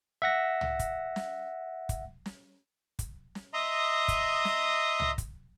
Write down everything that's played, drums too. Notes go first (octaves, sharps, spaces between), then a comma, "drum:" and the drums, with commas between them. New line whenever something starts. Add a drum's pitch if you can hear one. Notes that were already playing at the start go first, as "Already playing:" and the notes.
E5 F#5 A#6
drum: tom
drum: kick, hi-hat
drum: snare
drum: kick, hi-hat
drum: snare
drum: kick, hi-hat
drum: snare
D#5 E5 A#5 C6 D#6
drum: kick, hi-hat
drum: snare
drum: tom
drum: kick, hi-hat